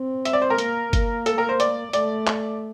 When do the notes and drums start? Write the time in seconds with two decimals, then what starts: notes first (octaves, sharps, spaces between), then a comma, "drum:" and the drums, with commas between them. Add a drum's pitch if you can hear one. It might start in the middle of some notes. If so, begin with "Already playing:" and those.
Already playing: C4
0.25 E5, drum: hi-hat
0.33 D5
0.42 C5
0.50 A#4
0.58 A#3, drum: hi-hat
0.93 A#3, drum: kick G1, hi-hat
1.26 A4, drum: hi-hat
1.38 A#4
1.49 C5
1.60 D5, drum: hi-hat
1.93 A3 D5, drum: hi-hat
2.27 drum: clap